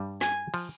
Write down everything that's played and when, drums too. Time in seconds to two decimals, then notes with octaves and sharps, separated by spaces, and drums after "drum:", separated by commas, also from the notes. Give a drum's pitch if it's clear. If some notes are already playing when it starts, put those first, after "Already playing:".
Already playing: G2 G3
0.21 G#5, drum: snare
0.54 F3, drum: cymbal